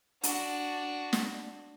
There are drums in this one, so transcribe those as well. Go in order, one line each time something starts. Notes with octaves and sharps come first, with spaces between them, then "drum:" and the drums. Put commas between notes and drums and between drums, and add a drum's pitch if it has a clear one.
D4 F#4, drum: hi-hat
drum: snare